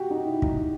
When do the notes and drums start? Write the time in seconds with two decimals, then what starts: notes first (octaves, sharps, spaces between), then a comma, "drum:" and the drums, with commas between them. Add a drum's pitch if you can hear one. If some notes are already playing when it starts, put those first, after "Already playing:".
Already playing: F#4 G4
0.10 D#4
0.27 E4
0.42 D#4, drum: kick